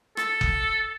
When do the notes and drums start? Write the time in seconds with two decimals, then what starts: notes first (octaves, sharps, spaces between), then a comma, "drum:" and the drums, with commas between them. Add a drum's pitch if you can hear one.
0.17 A4, drum: rim click
0.41 drum: kick F#1